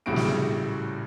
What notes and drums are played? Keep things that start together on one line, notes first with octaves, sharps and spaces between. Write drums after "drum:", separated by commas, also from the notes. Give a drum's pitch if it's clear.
A#1 A2 C#3 G3 F#4 D7
drum: snare